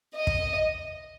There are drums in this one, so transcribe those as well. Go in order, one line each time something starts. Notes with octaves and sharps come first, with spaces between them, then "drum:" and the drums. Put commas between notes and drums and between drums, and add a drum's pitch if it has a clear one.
D#5
drum: kick